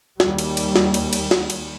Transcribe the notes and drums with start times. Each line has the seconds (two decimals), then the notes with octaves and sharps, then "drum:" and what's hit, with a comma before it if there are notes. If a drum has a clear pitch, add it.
0.20 D#2 G3, drum: snare
0.38 drum: cymbal
0.57 drum: cymbal
0.76 drum: snare
0.94 drum: cymbal
1.13 drum: cymbal
1.31 drum: snare
1.50 drum: cymbal